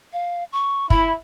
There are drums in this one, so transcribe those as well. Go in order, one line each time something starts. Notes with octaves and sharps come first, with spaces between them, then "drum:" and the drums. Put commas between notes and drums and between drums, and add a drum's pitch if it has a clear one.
F5
C#6
E4 B5, drum: kick